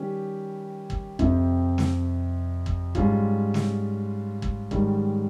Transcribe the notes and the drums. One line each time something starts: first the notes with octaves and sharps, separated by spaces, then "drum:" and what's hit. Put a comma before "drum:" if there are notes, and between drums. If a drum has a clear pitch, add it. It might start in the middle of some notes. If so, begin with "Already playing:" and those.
Already playing: D#3 G3 C#4 G4
drum: kick
F2 C3 F3 C4, drum: kick
drum: snare
drum: kick
G#2 G3 C#4 F4, drum: kick
drum: snare
drum: kick
G#2 D#3 G3 C#4, drum: kick